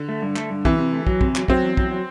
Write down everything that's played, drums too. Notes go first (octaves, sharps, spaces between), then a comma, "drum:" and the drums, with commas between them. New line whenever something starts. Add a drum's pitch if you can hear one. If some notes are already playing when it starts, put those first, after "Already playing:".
Already playing: D3
A3
G2
A3, drum: clap
G2
C3 E3, drum: kick
C3
A3
F#3, drum: kick
C3, drum: kick
F#3, drum: clap
F#3 C4, drum: kick
E2
F#3, drum: kick
F#3